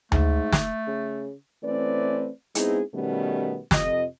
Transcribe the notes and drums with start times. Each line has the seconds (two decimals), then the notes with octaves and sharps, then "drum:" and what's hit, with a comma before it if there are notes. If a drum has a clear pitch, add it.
0.12 G#2 A3, drum: tom D2
0.53 drum: snare
0.87 C#3
1.63 E3 A3 C4 C#4 B4 D5
2.55 G#3 B3 C4 D#4 E4 G#4, drum: hi-hat
2.93 B2 D#3 G3 A3 B3 C#4
3.71 F2 C3 D#5, drum: snare